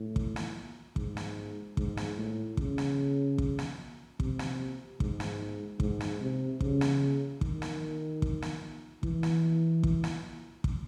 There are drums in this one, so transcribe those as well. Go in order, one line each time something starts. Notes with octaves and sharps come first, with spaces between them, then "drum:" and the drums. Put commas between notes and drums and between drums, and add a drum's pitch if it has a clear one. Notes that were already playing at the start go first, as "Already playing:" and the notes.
Already playing: A2
drum: kick
drum: snare
G#2, drum: kick
drum: snare
G#2, drum: kick
drum: snare
A2
C#3, drum: kick
drum: snare
drum: kick
drum: snare
C3, drum: kick
drum: snare
G#2, drum: kick
drum: snare
G#2, drum: kick
drum: snare
C3
C#3, drum: kick
drum: snare
D#3, drum: kick
drum: snare
drum: kick
drum: snare
E3, drum: kick
drum: snare
drum: kick
drum: snare
drum: kick